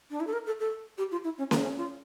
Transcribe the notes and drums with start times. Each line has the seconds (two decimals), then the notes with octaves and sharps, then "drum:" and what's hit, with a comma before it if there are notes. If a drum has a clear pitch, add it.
0.11 D4
0.20 E4
0.27 A4
0.33 A#4
0.47 A4
0.60 A4
0.98 G4
1.12 F4
1.24 E4
1.38 C#4
1.51 A#3, drum: snare C#4
1.63 C#4
1.78 F4